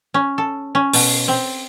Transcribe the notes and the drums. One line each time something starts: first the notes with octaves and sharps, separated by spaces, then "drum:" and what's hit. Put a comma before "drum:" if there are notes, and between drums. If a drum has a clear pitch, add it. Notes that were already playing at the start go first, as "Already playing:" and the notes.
C#4
A4
C#4
B2, drum: open hi-hat
C4